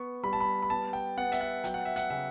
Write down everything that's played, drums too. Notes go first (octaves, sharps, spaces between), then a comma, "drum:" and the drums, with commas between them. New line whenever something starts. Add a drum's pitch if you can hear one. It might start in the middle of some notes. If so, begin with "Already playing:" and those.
Already playing: B3 C#6
G3 B5
A5
B5
B5
B3 A5
G5
B3 F#5
E5, drum: hi-hat
F#5
F#3 G5, drum: hi-hat
F#5
E5
F#5, drum: hi-hat
C#3 E5